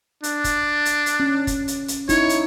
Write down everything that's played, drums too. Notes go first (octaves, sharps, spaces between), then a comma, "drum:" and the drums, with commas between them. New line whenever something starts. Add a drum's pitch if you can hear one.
D4, drum: hi-hat
drum: kick, hi-hat
drum: hi-hat
drum: hi-hat
C#4
drum: kick, hi-hat
drum: hi-hat
drum: hi-hat
D#4 E4 C#5, drum: kick, hi-hat
drum: hi-hat